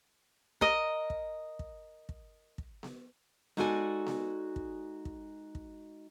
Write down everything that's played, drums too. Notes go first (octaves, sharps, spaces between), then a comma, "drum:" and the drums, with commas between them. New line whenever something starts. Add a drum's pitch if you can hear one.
A#4 D#5, drum: kick
drum: kick
drum: kick
drum: kick
drum: kick
drum: snare B3
G#3 D#4 F#4 A4 D5 G#5, drum: snare B3
drum: snare B3
drum: kick
drum: kick
drum: kick